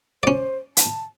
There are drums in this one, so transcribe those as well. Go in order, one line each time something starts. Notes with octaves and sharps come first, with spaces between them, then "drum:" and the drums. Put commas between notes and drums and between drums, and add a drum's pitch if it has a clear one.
C#4 C5 D5
A5, drum: hi-hat